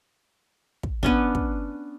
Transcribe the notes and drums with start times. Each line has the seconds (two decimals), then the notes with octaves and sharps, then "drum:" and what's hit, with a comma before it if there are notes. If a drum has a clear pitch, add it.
0.83 drum: kick
1.03 B3 C#4 D4, drum: kick
1.35 drum: kick